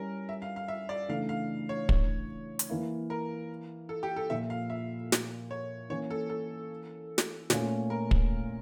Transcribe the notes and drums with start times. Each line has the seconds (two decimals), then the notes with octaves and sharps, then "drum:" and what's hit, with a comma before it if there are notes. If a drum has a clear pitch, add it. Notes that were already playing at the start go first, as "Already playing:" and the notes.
Already playing: G3 C#4 E4 A#4
0.29 E5
0.42 F5
0.56 F5
0.68 E5
0.89 D5
1.09 C#3 E3 A3 D4 A4 F5
1.29 F5
1.69 C#5
1.89 C#5, drum: kick
2.59 drum: hi-hat
2.70 E3 A#3 E4
3.10 A#4
3.89 A4
4.03 G4
4.16 A4
4.29 A#2 F3 A#3 E5
4.50 F5
4.70 E5
5.12 drum: snare
5.51 C#5
5.90 E3 A#3 C#4 C#5
6.10 A4
6.30 A4
7.18 drum: snare
7.50 A#2 A3 C#4 F4, drum: snare
7.90 A#4
8.11 drum: kick